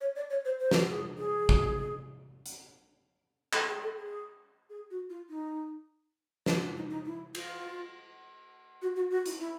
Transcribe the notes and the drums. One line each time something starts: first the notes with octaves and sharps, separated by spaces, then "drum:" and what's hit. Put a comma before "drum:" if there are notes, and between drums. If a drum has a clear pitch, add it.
C#5
D5
C#5
C5
C5
drum: snare
G#4
G#4
drum: kick
drum: hi-hat
A4, drum: clap
G#4
A4
G#4
G#4
F#4
F4
D#4
C#4, drum: snare
D4
D#4
D#4
E4
F4, drum: cymbal
F#4
F#4
F#4
E4, drum: hi-hat
E4